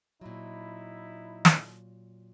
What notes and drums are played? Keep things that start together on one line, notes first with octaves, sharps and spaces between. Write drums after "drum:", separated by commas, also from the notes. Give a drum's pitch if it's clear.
A#2 F#3 D#4 E4
drum: snare